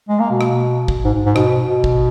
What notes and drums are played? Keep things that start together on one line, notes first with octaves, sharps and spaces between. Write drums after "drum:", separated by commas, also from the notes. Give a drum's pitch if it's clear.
G#3
A#3
B2
drum: rim click
drum: kick
G#2
G#2
B2, drum: rim click
B2
drum: kick